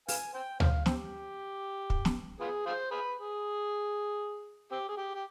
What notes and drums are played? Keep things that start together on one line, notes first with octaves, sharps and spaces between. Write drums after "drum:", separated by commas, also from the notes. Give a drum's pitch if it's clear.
B4 F5 G#5, drum: open hi-hat
C5 G5
C5 F5, drum: tom D2
C4 G4, drum: snare
drum: kick
drum: snare
B3 F4 G#4
F4 G#4 C5
G#4 B4
G#4
C4 G4
G#4
G4
G4